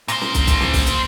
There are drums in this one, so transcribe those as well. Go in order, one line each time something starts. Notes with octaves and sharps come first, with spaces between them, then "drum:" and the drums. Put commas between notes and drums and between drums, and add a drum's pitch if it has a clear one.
A#2 C5, drum: hi-hat
drum: snare
drum: kick, hi-hat
drum: kick, hi-hat
drum: snare
drum: kick, open hi-hat
drum: hi-hat